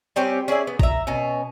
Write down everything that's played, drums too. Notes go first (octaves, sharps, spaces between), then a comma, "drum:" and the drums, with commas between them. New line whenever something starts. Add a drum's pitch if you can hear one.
G3 C4 C#4 G4
C#4 G#4 D5 E5
B3
E5 A#5, drum: kick
B2 C#4